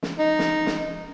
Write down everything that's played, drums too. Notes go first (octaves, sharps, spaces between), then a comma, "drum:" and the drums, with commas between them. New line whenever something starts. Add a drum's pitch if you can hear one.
drum: snare
D#4
drum: snare
drum: snare